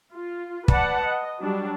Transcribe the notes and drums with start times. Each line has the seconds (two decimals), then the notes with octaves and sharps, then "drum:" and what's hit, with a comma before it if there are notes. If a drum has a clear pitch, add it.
0.13 F4
0.68 B4 D5 F#5 A5, drum: kick
1.05 D#5
1.40 F#3 G3 D4